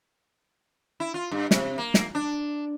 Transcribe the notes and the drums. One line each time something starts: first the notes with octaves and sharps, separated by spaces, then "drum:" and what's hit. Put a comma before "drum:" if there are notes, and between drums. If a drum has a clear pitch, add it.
E4
F4
G2
C3, drum: snare
A#3
drum: snare
D4